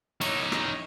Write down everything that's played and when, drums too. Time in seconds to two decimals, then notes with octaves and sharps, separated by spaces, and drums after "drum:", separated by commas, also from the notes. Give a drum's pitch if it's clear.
0.21 D#4 C#5, drum: cymbal
0.52 drum: rim click